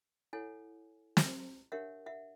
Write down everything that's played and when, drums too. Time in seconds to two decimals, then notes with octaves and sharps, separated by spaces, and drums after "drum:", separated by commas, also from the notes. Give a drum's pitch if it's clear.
0.33 E4 A4 C#5 F#5 G#5
1.17 drum: snare
1.72 D4 G4 A#4 C#5 E5 F#5
2.06 E5 F#5